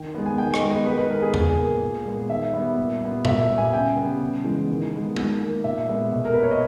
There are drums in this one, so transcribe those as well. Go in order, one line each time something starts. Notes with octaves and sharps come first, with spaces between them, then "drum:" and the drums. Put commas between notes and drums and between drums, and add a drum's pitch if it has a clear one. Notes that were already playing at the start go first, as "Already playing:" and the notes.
Already playing: D#3 G5
G#3 B3
G#5
D#3 G5
D#5, drum: rim click
G#3 B3
D#5
D#3 B4
B4
G#3 B3 A#4
G#4
A#2, drum: tom E2
A#3
A#2
G#3 B3
D#3 E5
G3 B3
A#2
G3 B3
A#2 E5, drum: tom A#2
G3 B3
G#5
C#3 G5
G3 B3
C#3
E3 G#3 B3
D#3
G#3 B3
D#3, drum: tom
A#3
A#2 E5
G#3 B3
B2
A#4
A#3 B4
C#5
D#5